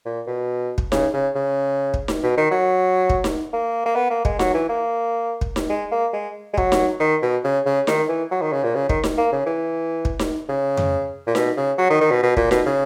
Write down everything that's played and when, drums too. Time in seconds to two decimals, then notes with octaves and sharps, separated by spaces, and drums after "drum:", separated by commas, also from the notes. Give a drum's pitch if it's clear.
0.06 A#2
0.27 B2
0.78 drum: kick
0.92 C#3, drum: snare D#4
1.13 C#3
1.35 C#3
1.94 drum: kick
2.08 drum: snare D#4
2.23 B2
2.37 D#3
2.51 F#3
3.10 drum: kick
3.24 drum: snare D#4
3.53 A#3
3.86 A#3
3.96 B3
4.10 A#3
4.25 G#3, drum: kick
4.39 F#3, drum: snare D#4
4.54 E3
4.69 A#3
5.41 drum: kick
5.56 drum: snare D#4
5.70 G#3
5.92 A#3
6.14 G#3
6.54 G#3
6.57 F#3, drum: kick
6.72 drum: snare D#4
7.00 D#3
7.22 B2
7.44 C#3
7.66 C#3
7.87 D#3, drum: snare D#4
8.09 E3
8.32 F#3
8.42 D#3
8.53 C#3
8.64 A#2
8.75 C#3
8.89 D#3, drum: kick
9.04 drum: snare D#4
9.18 A#3
9.33 C#3
9.46 E3
10.05 drum: kick
10.19 drum: snare D#4
10.49 C#3
10.77 drum: tom F2
11.27 A#2
11.35 B2, drum: snare D#4
11.57 C#3
11.78 F#3
11.90 D#3
12.01 D#3
12.11 B2
12.23 B2
12.37 A#2, drum: kick
12.51 B2, drum: snare D#4
12.66 C#3